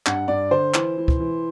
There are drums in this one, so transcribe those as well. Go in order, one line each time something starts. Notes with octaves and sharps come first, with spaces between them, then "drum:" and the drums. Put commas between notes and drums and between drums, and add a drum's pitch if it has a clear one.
G2 F#5, drum: clap
G2 D5
D3 C5
E3, drum: clap
E3
drum: kick
E3